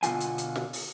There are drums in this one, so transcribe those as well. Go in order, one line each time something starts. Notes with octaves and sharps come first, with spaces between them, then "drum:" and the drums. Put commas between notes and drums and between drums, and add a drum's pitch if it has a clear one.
B2 D3 F4 G#5, drum: hi-hat
drum: hi-hat
drum: hi-hat
drum: snare
drum: open hi-hat